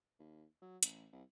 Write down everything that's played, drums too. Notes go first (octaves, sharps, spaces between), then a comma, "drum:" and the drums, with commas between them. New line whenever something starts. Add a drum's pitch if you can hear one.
D#2
F#3
A1, drum: hi-hat
C2